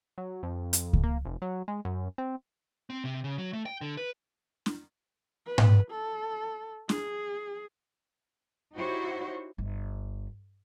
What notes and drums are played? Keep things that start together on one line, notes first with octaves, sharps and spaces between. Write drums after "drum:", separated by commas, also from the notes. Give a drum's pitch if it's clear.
F#3
F2
drum: hi-hat
drum: kick C#2
A#3
F1
F#3
G#3
F#2
C4
C4
C3
C#3
F#3
A3
G5
D3
B4
drum: snare
B4
drum: tom G#2
A4
G#4, drum: snare
D#4 E4 F#4 G4 C5 C#5
G1